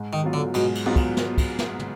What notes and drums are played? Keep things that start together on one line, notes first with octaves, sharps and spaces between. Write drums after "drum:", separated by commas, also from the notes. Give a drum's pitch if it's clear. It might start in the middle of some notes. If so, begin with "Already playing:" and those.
Already playing: G#2
D#3
F#3 B3 F4
D3
G#2 B2, drum: cymbal
drum: cymbal
G#2 F#3 B3 F4
drum: kick, cymbal
drum: snare
drum: kick, cymbal
drum: snare
drum: tom